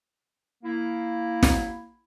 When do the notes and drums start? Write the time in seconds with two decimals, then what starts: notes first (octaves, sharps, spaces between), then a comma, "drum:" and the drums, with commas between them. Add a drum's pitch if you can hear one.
0.63 A#3 E4
1.43 drum: snare